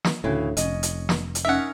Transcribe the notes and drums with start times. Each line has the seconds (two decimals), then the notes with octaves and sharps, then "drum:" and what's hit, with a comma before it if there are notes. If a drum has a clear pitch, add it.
0.04 drum: snare
0.24 D2 A2 C#3 E3
0.57 F1 C#4 D#5, drum: hi-hat
0.83 drum: hi-hat
1.09 drum: snare
1.35 drum: hi-hat
1.45 C#4 D#4 A#4 E5 F#5